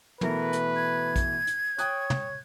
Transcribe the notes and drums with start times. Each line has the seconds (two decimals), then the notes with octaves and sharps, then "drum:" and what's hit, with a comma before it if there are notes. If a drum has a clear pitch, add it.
0.21 B2 E3 A3 A#4 B4, drum: tom
0.53 drum: hi-hat
0.76 G#6
1.16 drum: kick A#1, hi-hat
1.47 drum: hi-hat
1.78 C#5 G5 D#6 F#6, drum: hi-hat
2.10 drum: tom